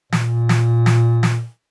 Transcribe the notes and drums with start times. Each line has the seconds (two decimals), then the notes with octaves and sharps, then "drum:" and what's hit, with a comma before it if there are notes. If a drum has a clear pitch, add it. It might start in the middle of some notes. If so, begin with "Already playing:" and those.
0.12 A#2, drum: snare
0.49 drum: snare
0.86 drum: snare
1.23 drum: snare